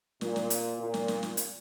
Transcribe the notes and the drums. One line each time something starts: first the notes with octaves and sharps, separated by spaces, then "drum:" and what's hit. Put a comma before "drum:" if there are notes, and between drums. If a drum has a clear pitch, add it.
A#2, drum: snare
drum: snare
drum: hi-hat
A#2
drum: snare
drum: snare
drum: snare
drum: hi-hat